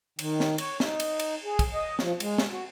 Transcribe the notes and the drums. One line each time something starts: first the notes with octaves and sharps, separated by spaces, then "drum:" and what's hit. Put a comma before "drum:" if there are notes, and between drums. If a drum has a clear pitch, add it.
D#3, drum: cymbal
drum: snare
C#5, drum: cymbal
D#4, drum: snare
drum: cymbal
drum: cymbal
G#4
drum: kick, cymbal
D#5
F3, drum: snare
G#3, drum: cymbal
drum: snare
F#4